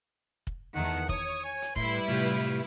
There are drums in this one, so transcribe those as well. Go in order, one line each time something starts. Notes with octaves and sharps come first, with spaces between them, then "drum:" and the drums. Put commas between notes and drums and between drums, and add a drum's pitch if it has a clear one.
drum: kick
E2 D#3 A3 F#5
C#5 D#6, drum: kick
G#5
drum: hi-hat
A2 G3 E4 B4 C6, drum: kick
A2 C3 F4 G4